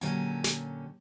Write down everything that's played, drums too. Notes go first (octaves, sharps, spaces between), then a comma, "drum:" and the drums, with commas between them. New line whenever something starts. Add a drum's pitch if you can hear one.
A#2 D3 F#3 C#4 G4 G#5
drum: snare